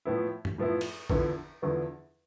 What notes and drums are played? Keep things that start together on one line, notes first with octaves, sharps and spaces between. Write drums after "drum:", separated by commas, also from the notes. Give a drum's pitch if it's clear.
A2 F3 B3 E4
drum: tom F#2
A2 F3 B3 E4
drum: cymbal
E2 D3 F3 B3 E4, drum: kick
E2 D3 F3 B3 E4